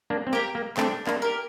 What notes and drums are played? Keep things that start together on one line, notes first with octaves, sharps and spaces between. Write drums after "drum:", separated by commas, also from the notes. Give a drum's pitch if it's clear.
A#3 D4
C4
A#3 G4 A#4
A#3
A3 C4 D4, drum: clap
A#3 D4, drum: clap
G4 A#4